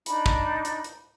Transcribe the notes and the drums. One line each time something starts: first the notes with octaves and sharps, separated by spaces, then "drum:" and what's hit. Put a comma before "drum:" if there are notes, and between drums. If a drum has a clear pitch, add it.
D4 D#4 B5, drum: hi-hat
drum: kick
drum: hi-hat
drum: hi-hat